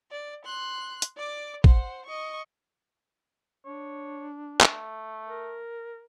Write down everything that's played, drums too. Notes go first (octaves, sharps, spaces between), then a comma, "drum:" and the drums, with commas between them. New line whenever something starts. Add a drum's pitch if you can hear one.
D5
C6 F#6
drum: hi-hat
D5 D6
C5 F#5, drum: kick A#1
D#5 C#6
D4 C#5
A3, drum: clap
A#4